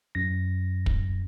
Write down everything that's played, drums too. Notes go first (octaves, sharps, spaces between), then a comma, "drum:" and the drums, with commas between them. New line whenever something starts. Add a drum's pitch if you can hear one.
F#2 A#6
drum: kick